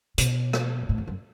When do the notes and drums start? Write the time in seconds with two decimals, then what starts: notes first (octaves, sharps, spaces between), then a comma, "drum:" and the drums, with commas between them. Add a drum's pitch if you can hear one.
0.18 B2, drum: hi-hat
0.53 drum: rim click
0.89 A2
0.98 E2
1.08 F#2